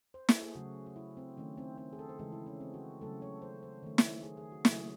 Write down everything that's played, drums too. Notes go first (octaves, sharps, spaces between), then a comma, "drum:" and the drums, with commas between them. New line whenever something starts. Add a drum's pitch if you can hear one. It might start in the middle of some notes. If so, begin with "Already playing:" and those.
C5
A4, drum: snare
G#4
C#3 F#3 A3 F#4
F#4
E4
C4
D#3 A3 C#4
C4
C4
G#4
A4
C5
C#3 E3 G#3 G#4
E4
C#4
C4
F#4
C#3 F#3 A3 A4
C#5
C5
C5
D#3 A3
drum: snare
G#4
G#4
F#4
C#3 F#3 A3 G#4, drum: snare